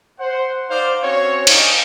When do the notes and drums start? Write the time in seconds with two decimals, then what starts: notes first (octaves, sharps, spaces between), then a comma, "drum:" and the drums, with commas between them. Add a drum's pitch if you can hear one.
0.20 C5 F#5
0.70 D#4 C5 D5 F5
1.03 C4 C#4 F#4 C#5
1.47 C4 D4 D#4 F5 G5 G#5, drum: cymbal